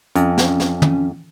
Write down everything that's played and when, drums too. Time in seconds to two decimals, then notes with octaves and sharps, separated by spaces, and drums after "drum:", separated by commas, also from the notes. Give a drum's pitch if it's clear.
0.16 F2 C#4, drum: hi-hat
0.38 drum: snare
0.60 drum: snare
0.82 drum: tom